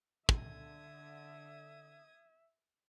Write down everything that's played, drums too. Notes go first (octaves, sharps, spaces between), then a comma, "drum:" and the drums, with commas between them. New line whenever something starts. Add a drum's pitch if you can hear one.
D3 E5 D#6 G#6, drum: kick